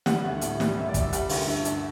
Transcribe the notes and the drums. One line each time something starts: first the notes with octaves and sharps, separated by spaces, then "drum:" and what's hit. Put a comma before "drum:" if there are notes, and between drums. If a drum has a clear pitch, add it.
G3 F#5, drum: snare
D2
A2, drum: hi-hat
G3, drum: snare
F#2 E5
D5
F#2, drum: kick, hi-hat
E5
G3 F#5, drum: hi-hat
D2, drum: open hi-hat
G2 E5
G2, drum: hi-hat